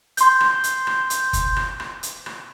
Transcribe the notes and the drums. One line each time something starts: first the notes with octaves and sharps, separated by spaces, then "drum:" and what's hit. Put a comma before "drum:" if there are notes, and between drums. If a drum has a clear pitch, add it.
C6 G6, drum: hi-hat
drum: rim click
drum: hi-hat
drum: rim click
drum: hi-hat
drum: kick F#1, hi-hat
drum: rim click
drum: rim click
drum: hi-hat
drum: rim click